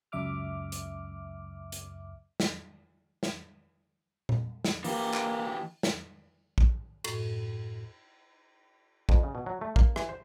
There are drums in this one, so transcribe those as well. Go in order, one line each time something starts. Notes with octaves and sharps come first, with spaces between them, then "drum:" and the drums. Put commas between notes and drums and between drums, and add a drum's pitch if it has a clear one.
C#2 F#2 E5 D6 F6
drum: hi-hat
drum: hi-hat
drum: snare
drum: snare
drum: tom A#2
drum: snare
E3 A#3 G4, drum: open hi-hat
drum: clap
drum: snare
drum: kick
F#2 A2, drum: cymbal
F2, drum: kick
C#3
B2
F#3
A3
A#3, drum: kick
E3, drum: rim click
C5